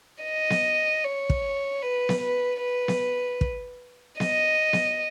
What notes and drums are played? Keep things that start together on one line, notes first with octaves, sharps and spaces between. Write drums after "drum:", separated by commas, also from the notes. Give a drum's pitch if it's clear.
D#5
drum: snare B3
C#5
drum: kick
B4
drum: snare B3
B4
B4
drum: snare B3
drum: kick
D#5, drum: snare B3
drum: snare B3